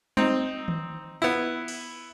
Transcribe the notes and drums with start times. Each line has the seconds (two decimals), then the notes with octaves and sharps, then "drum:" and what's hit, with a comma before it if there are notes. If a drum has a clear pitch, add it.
0.17 C4 D#4, drum: tom G3
0.68 drum: tom D#3
1.22 B3 E4
1.68 drum: cymbal